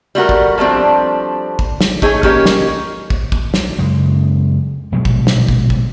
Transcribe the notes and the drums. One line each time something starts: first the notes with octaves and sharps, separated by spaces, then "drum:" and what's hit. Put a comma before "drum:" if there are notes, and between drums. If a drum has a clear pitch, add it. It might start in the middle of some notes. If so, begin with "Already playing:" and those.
G3 A3 F#4 A#4
drum: kick
F3 G3 A3 C4 D4
drum: kick
drum: snare
A3 D#4 G#4 C#5 D#5, drum: kick
A#3 C#4 G4 A#4 C#5 D#5, drum: kick
drum: snare
drum: kick
drum: kick
drum: snare
F#2 C#3 G#3
A#1 B2 F#3 G#3
drum: kick
drum: snare
drum: kick
drum: kick